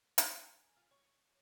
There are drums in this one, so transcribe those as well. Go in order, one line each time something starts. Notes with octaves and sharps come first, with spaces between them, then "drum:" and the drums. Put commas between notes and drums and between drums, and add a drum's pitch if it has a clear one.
D4 E4 D5, drum: hi-hat
A#4 G#5
F4
C#5